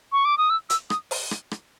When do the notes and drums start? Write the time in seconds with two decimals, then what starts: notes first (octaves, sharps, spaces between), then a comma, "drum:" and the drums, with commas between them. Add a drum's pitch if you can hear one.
0.12 C#6
0.25 D6
0.38 D#6
0.50 E6
0.70 E6, drum: hi-hat
0.90 D#6, drum: rim click
1.11 drum: open hi-hat
1.31 drum: rim click
1.51 drum: rim click